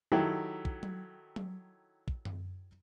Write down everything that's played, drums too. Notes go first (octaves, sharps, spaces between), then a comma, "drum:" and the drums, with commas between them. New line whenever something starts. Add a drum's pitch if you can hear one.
D#3 F#3 E4 G4 A4
drum: kick
drum: tom F#3
drum: tom F#3
drum: kick
drum: tom F#2